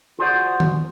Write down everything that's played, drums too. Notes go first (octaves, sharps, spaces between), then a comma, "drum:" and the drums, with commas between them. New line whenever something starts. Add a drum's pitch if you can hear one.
F4 F#4 G#4 C5 D5 F#5
drum: tom